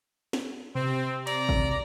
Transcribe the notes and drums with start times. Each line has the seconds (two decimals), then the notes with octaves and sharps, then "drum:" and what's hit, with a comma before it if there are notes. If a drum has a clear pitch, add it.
0.33 drum: snare
0.75 C3 C4
1.27 D5 A#5, drum: cymbal
1.49 drum: kick